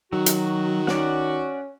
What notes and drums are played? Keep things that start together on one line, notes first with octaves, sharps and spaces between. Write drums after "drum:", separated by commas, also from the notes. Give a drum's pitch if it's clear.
D#3 F#3 F#4
drum: hi-hat
C#4 D5 F#5, drum: snare